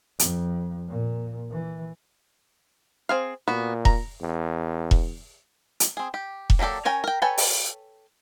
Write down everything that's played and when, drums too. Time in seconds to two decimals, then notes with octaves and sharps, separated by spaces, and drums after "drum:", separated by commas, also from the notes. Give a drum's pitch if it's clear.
0.19 F2, drum: hi-hat
0.89 A#2
1.51 E3
3.09 C4 G#4 F5
3.48 A#2 B3 F#4
3.85 A#5, drum: kick E1
4.22 E2
4.91 drum: kick E1
5.80 drum: hi-hat
5.97 C4 G#4
6.14 G4
6.50 drum: kick E1
6.59 F#3 A#3 G4 A4 D5
6.85 C#4 A#4 C#5 G5 G#5
7.04 A#4 G5
7.22 A4 B4 C#5 G5 G#5
7.38 drum: open hi-hat